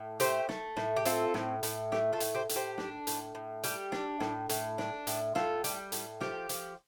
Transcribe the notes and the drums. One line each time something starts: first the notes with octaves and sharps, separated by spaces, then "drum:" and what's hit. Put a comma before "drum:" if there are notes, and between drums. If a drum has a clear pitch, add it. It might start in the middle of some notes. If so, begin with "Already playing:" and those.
Already playing: A2
A3 G4 C5, drum: hi-hat
A3, drum: snare
A2, drum: snare
G4
C4 F4 A4, drum: hi-hat
A2, drum: snare
A2, drum: hi-hat
A3 G4, drum: snare
F4 A4
A2, drum: hi-hat
G4 C5
A2, drum: hi-hat
G4 C5
D4, drum: snare
A2, drum: hi-hat
A2
G3 G4, drum: hi-hat
D4, drum: snare
A2, drum: snare
A2, drum: hi-hat
D4, drum: snare
A2, drum: hi-hat
A2 F4 A4, drum: snare
G3, drum: hi-hat
A2, drum: hi-hat
F3 G4, drum: snare
F3, drum: hi-hat